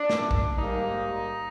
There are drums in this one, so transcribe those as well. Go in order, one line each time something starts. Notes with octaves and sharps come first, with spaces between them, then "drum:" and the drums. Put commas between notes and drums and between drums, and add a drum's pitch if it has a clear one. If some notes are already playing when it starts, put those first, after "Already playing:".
Already playing: D4
drum: snare
drum: kick A#1
G#2 G3 A#3 D#4